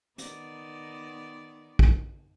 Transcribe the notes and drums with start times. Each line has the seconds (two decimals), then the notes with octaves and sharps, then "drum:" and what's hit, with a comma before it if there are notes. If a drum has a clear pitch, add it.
0.18 D#3 B3 D5, drum: hi-hat
1.79 drum: kick